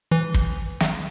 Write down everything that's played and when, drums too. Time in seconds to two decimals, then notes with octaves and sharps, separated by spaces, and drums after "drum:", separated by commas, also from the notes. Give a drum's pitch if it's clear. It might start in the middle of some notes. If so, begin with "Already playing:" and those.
0.12 E3
0.34 drum: kick
0.80 drum: snare